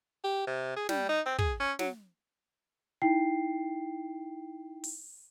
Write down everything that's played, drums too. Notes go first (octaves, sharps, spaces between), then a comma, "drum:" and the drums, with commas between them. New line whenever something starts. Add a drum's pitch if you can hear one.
G4
C3
G#4
G3, drum: snare
D#4
C4
G#4, drum: kick
C#4
F#3, drum: snare
D#4 E4 G5 C7
drum: open hi-hat